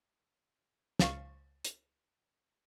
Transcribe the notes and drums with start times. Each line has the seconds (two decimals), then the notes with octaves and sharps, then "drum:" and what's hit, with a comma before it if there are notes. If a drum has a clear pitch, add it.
0.99 C#2 F5 C#6, drum: snare
1.65 drum: hi-hat